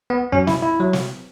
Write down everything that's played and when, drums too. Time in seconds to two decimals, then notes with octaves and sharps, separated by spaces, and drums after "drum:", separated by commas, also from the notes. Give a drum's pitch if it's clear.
0.10 B3
0.32 F#2 F#3 C#4
0.47 E4, drum: snare
0.62 E4
0.80 F#3
0.93 drum: snare